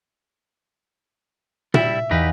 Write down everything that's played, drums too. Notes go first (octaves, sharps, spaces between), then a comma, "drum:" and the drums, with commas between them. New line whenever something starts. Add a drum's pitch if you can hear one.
G3 E4 E5, drum: tom A#2
E2 D#4 G4 B4 F5